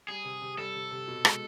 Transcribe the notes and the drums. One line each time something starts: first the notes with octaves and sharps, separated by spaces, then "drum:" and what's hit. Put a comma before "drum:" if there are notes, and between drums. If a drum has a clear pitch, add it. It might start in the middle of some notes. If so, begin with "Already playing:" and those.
G3 G#4
C3
C3
G3 A4
C3
C3
B2
G#3, drum: rim click